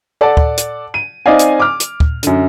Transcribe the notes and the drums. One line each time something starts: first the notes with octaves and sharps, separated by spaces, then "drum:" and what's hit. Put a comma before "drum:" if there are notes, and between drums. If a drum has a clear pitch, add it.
A4 D5 F#5 A5 D6
drum: kick
drum: hi-hat
D#7
C4 D#4 D5 D#5 F5 G#5
drum: hi-hat
D6 F6
drum: hi-hat
drum: kick
F#2 D3, drum: hi-hat